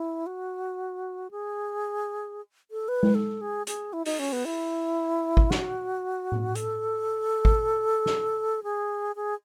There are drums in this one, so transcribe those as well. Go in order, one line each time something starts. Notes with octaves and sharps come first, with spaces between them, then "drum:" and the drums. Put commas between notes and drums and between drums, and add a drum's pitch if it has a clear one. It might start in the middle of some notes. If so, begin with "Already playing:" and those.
Already playing: E4
F#4
G#4
A4
B4
drum: tom G#3
A4
G#4
G#4, drum: hi-hat
E4
D#4, drum: open hi-hat
C#4
B3
E4
drum: kick G#1
F#4, drum: snare
drum: tom A2
A4, drum: hi-hat
drum: kick G#1
drum: snare
G#4
G#4